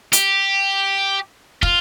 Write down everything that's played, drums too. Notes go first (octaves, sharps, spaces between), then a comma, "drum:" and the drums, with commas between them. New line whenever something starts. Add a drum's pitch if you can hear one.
G4, drum: hi-hat
F4, drum: kick